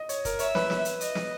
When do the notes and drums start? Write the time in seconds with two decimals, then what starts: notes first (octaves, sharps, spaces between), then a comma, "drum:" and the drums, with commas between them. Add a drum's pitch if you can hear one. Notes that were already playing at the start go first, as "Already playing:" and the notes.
Already playing: D#5
0.09 C#5, drum: hi-hat
0.25 A#4, drum: kick, hi-hat
0.39 C#5 E5, drum: hi-hat
0.55 B4, drum: snare
0.70 drum: snare
0.85 drum: hi-hat
1.01 D#5, drum: hi-hat
1.15 drum: snare